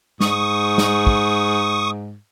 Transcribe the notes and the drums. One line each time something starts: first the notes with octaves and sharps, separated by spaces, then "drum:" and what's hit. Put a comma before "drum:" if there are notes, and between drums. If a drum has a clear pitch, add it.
G#2 C#6 D#6, drum: snare
drum: snare
drum: kick